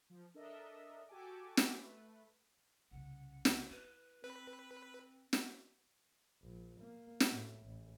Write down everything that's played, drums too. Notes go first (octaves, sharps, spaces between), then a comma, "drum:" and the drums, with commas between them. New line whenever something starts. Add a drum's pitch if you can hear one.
F3
D4 A4 A#4 D#5 E5
F#4 G4 A4 G#5 D6
drum: snare
A3 B4
C2 C#3 F#5
drum: snare
E4 B4
C4 B4
drum: snare
A#1
A#3
drum: snare
A2
A1